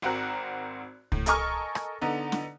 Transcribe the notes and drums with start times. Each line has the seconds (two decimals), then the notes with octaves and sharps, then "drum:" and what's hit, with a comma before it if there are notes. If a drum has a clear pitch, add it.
0.02 G#1 C4 F#4 A#4 F#6
1.12 A2, drum: kick C2
1.26 A4 A#4 D#5 G#5 C#6 F6, drum: hi-hat
1.75 drum: rim click
2.01 D3 B3 D#4
2.32 drum: snare